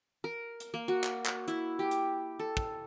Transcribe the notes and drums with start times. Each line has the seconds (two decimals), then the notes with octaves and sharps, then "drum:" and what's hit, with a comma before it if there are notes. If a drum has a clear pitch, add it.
0.24 A#4
0.60 drum: hi-hat
0.74 A#3
0.88 F#4
1.04 drum: clap
1.26 drum: clap
1.48 E4, drum: hi-hat
1.79 G4
1.91 drum: hi-hat
2.39 A4
2.57 drum: kick